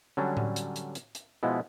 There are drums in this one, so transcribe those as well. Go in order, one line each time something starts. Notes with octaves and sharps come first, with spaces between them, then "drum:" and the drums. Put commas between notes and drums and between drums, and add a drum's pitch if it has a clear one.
D3 F#3 G3 C#4 D4
drum: tom A2
drum: hi-hat
drum: hi-hat
drum: hi-hat
drum: hi-hat
B2 F3 G#3 B3 E4